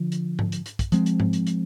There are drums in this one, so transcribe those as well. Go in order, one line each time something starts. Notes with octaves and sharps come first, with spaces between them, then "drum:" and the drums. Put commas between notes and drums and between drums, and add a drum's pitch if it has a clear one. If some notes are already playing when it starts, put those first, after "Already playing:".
Already playing: D3 F3
drum: hi-hat
drum: tom G#2
drum: hi-hat
drum: hi-hat
drum: kick, hi-hat
F3 G#3 C4, drum: hi-hat
drum: hi-hat
drum: tom G#2
drum: hi-hat
drum: hi-hat